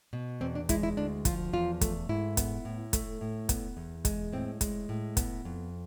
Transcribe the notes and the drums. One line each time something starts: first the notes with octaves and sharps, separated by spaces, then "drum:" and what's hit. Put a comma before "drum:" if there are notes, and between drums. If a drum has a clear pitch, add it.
B2
E2 C4
D4
G#3 E4, drum: kick, hi-hat
E4
D2 D4
F3 F4, drum: kick, hi-hat
E2 F4
A3, drum: kick, hi-hat
G#2 E4
B3, drum: kick, hi-hat
A2
A3, drum: kick, hi-hat
A2
B3, drum: kick, hi-hat
E2
G#3, drum: kick, hi-hat
A2 C4
G#3, drum: kick, hi-hat
A2
B3, drum: kick, hi-hat
F2